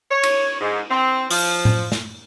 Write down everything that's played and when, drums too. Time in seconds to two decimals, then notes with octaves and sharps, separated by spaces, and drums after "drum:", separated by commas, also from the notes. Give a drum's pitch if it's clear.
0.11 C#5
0.23 drum: cymbal
0.61 G#2
0.90 C4
1.30 F3, drum: open hi-hat
1.65 drum: tom A2
1.92 drum: snare